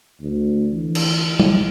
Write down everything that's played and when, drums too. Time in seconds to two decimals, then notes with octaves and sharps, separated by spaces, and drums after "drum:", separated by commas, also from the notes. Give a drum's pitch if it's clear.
0.21 D2
0.72 E3
0.95 drum: cymbal
1.40 drum: tom